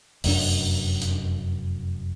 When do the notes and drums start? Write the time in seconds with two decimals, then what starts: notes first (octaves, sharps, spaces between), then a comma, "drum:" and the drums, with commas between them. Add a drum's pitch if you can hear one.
0.24 F1 F#2 A#2 D4, drum: open hi-hat
1.02 drum: hi-hat